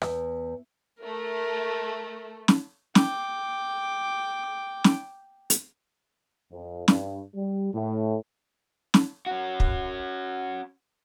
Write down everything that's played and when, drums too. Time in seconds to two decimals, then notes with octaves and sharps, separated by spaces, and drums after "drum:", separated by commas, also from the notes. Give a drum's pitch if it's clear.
0.02 E2, drum: rim click
1.02 A3 A#4
2.48 drum: snare
2.95 G5 D6, drum: snare
4.84 drum: snare
5.50 drum: hi-hat
6.52 F2
6.88 G2, drum: snare
7.35 G3
7.73 A2
8.94 drum: snare
9.26 C#4 F#4
9.60 drum: kick